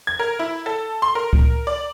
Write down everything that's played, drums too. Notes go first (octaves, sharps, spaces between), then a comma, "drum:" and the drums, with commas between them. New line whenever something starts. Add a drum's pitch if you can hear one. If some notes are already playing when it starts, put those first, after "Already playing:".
G#6
A#4
E4
A4
C6
A#4
drum: kick C#2
D5